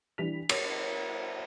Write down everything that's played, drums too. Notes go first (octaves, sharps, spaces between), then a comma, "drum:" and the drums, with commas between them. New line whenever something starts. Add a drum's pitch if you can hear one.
E3 G3 D4 B6 F7
C#5, drum: cymbal